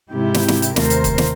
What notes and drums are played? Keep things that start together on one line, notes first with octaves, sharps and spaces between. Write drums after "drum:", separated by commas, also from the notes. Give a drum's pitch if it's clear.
G#2 C3 E4 G4
drum: snare
drum: snare
drum: hi-hat
D#2 C3 A3 A#4 C5, drum: snare
drum: hi-hat
drum: kick, hi-hat
drum: snare